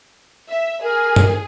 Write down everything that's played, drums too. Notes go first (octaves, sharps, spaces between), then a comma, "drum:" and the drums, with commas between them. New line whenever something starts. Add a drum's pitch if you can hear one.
E5
G#4 A#4
drum: tom G2